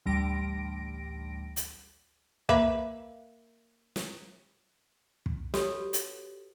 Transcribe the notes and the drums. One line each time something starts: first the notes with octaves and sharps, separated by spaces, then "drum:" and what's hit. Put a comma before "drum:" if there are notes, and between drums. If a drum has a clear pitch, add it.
A1 D2 G3 A#6 D7
drum: hi-hat
A#3 B4 E5, drum: kick
drum: snare
drum: kick
F#4 G4 A4 B4 C#5 D5, drum: snare
drum: hi-hat